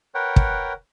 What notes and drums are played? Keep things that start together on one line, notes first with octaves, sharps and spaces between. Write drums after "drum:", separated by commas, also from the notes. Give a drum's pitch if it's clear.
A#4 B4 C#5 F#5 G5
drum: kick